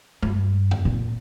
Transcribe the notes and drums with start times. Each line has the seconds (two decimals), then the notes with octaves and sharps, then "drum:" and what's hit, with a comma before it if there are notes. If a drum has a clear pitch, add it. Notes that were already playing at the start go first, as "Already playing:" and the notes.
0.23 G2, drum: tom G#3
0.71 drum: tom F2
0.85 A#2